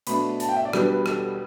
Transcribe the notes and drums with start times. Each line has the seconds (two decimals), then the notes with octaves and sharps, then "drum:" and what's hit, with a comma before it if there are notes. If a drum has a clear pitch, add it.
0.07 B2 A3 D4 B5, drum: hi-hat
0.40 A5, drum: hi-hat
0.49 G5
0.56 E5
0.65 D5
0.73 B2 G3 B3 D4 B4, drum: rim click
0.89 B4
1.06 A4, drum: rim click